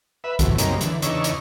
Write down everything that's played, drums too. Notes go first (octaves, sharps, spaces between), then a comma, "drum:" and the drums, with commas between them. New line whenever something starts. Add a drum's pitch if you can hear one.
B4 E5
F#2 A2 C3 E3, drum: kick C2, hi-hat
F#2 C#3 G3 A#3 C4 D#4, drum: hi-hat
D3 E3, drum: hi-hat
E2 C#3 D4 D#4 C#6 E6, drum: hi-hat
drum: hi-hat